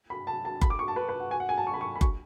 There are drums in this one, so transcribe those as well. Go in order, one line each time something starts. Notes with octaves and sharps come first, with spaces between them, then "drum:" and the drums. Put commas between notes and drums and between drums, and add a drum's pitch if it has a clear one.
B5
A5
A5
B5, drum: kick F#1
D6
C#6
A5
B4
B4
F#5
G#5
F#5
G#5
A5
C#6
B5
C#6
B5
C#6, drum: kick F#1